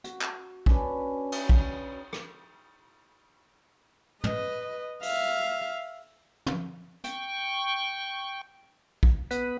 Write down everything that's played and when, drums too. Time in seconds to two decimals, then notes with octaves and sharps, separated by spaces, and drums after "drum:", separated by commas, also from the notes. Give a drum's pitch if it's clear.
0.04 F#4, drum: hi-hat
0.21 drum: clap
0.66 C#4 D4 B4, drum: kick
1.32 drum: cymbal
1.49 drum: kick
2.13 drum: rim click
4.24 B4 D#5, drum: tom
5.03 E5 F5, drum: open hi-hat
6.47 drum: tom
7.04 G5 C#6, drum: hi-hat
9.03 drum: kick
9.31 B3 B4, drum: hi-hat